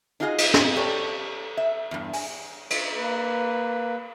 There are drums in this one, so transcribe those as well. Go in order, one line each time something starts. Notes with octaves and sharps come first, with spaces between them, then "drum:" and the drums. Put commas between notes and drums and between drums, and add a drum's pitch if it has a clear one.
D4 D#4 F4 F#4 G#4 D#5
drum: cymbal
drum: snare
G4 A4 C#5 D5
E5
E2 G2
G#5, drum: open hi-hat
drum: cymbal
A#3 B4